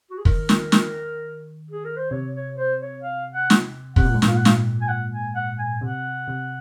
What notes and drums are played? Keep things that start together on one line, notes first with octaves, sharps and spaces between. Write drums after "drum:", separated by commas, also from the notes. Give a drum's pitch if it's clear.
F#4
G#4
D#3 A#4, drum: kick
drum: snare
drum: snare
G#4
A#4
C5
C3 C#5
C#5
C5
C#5
F5
F#5
drum: snare
C3 F#5, drum: kick
A#2
G#2
A#2, drum: snare
F5
F#5
F5, drum: snare
G#5
F#5
G#5
F#5
G#5
C3 F#5
C3